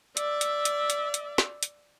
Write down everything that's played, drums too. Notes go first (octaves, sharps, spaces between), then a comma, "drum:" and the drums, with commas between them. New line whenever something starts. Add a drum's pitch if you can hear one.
D5 E5, drum: hi-hat
drum: hi-hat
drum: hi-hat
drum: hi-hat
drum: hi-hat
drum: snare
drum: hi-hat